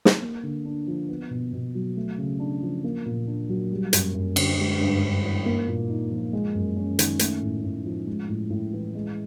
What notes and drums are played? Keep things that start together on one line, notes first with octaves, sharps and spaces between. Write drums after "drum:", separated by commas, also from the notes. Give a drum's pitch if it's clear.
drum: snare
A#3
D3
D4
F3
B3
B2
B2
F#3
A3
C#3
D4
F3
A#3
A#2
D4
F#3
G3
F#2, drum: hi-hat
F#2
D3, drum: cymbal
G#3
G2
G2
E3
A#3
A#2
D#4
F3
G#3
F#2
C#4
D#3, drum: hi-hat
A3, drum: hi-hat
A2
A2
F3
G#3
A2
A2
E3
G#3